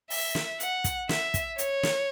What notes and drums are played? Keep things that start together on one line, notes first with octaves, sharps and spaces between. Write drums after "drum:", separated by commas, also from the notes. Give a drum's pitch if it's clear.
E5, drum: open hi-hat
drum: snare
F#5, drum: hi-hat
drum: kick, hi-hat
E5, drum: snare
drum: kick, hi-hat
C#5, drum: hi-hat
drum: snare